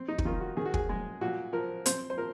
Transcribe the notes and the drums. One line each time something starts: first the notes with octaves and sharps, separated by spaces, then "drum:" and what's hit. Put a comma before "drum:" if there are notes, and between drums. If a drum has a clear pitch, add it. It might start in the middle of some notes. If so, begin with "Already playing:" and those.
Already playing: C4
D#4
D#4, drum: kick
D#3 F4
F#4
D#3 G#4
F#4
G#4, drum: kick
G#3
A#2 F#4
F3 A#4
C4 C5, drum: hi-hat
C5
F3 A#4